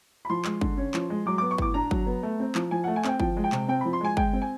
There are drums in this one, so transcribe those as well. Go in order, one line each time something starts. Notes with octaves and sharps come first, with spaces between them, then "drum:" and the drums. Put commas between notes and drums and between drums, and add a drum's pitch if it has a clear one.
B5
F3 C6
G#3, drum: clap
D3, drum: kick
C#4
F3, drum: clap
G#3
F#3 D6
B3 D6
C#6
A2 D6, drum: kick
D4 A#5
F#3, drum: kick
B3
A3
C4
F3, drum: clap
F3 G#5
A3 F#5
G#5
C4 G5, drum: clap
F3 G5, drum: kick
G#3
G5
C3, drum: clap
C4 G5
F3 B5
C6
G#3 G#5
G#3 G5, drum: kick
C4
G#5